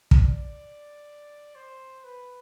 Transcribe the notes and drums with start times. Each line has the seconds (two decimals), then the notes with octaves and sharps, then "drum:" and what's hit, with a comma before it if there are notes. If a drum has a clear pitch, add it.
0.11 D5, drum: kick
1.56 C5
2.04 B4